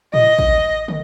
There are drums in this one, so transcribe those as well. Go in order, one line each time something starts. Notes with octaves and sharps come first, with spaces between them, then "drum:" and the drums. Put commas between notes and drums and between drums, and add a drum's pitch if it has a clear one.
D#5, drum: tom A2
drum: kick
drum: tom